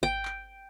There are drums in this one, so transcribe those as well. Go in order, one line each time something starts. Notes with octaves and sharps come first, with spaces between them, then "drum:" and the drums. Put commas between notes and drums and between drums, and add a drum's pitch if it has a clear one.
G5, drum: kick G#1
drum: clap